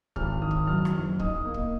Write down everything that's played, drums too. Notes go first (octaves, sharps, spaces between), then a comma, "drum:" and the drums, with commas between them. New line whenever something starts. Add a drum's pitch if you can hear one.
G#1 F6, drum: kick
D#3 D#6
drum: kick
F#2 F6
drum: rim click
F#1
D#4 D#6, drum: kick
A#3
drum: kick